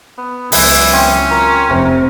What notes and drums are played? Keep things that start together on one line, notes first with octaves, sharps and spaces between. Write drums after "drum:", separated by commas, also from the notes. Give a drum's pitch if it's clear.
B3
C#2 E3 F#3 B3 E4, drum: open hi-hat
C4 C#4
F4 A#4
F1 C3 C4 A#4